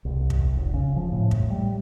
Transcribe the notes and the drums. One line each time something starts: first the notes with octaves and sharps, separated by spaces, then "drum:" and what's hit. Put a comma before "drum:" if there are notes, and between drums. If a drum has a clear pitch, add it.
C2
drum: kick
F1
C#3
F3
A2
drum: kick
G3